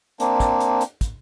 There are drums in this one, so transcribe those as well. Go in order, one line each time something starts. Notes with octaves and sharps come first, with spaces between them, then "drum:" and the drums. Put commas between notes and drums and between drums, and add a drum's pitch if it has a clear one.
A#3 C4 D4, drum: hi-hat
drum: kick, hi-hat
drum: hi-hat
drum: hi-hat
drum: kick, hi-hat